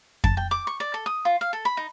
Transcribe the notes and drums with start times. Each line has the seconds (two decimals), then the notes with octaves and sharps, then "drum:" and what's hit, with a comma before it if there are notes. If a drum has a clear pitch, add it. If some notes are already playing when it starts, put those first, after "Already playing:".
0.24 A5, drum: kick F2
0.37 G5
0.51 D6
0.67 C#6
0.80 D5
0.94 A4
1.06 D#6
1.25 F4
1.41 F5
1.53 A4
1.65 B5
1.77 D#4